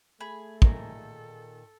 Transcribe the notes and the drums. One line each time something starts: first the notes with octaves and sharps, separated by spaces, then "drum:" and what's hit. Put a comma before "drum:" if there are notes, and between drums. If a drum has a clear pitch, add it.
A3 G#4 B5
A#2 D#3 A4 A#4, drum: kick